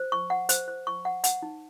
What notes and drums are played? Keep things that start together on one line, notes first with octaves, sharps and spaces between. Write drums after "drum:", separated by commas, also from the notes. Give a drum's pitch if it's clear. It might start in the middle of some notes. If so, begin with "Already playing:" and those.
Already playing: C5
C#6
F#5
C5, drum: hi-hat
C5
C#6
F#5
F#5, drum: hi-hat
D#4